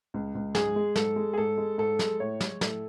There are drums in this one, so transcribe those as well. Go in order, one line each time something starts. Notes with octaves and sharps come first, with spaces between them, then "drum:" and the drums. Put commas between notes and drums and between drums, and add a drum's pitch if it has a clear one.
C#2
C#2
G#2 G#4, drum: snare
G#3
G#2 A4, drum: snare
G#3
G#4
G#2 A4
G#3
G#2 A4
G#3, drum: snare
A2 C#5
G#3, drum: snare
A2 A4, drum: snare